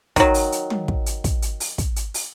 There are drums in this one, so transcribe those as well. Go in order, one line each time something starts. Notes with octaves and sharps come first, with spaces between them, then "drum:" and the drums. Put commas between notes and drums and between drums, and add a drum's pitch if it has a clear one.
D#3 F#3, drum: kick, hi-hat
drum: open hi-hat
drum: hi-hat
drum: tom
drum: kick
drum: hi-hat
drum: kick, hi-hat
drum: hi-hat
drum: open hi-hat
drum: kick, hi-hat
drum: hi-hat
drum: open hi-hat